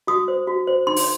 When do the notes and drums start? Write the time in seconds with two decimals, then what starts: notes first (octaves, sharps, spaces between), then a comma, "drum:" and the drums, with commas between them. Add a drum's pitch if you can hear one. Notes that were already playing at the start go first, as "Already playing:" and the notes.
0.07 F#4 D#6
0.28 C5
0.47 F#4
0.67 C5
0.87 D#4 C6
0.96 drum: open hi-hat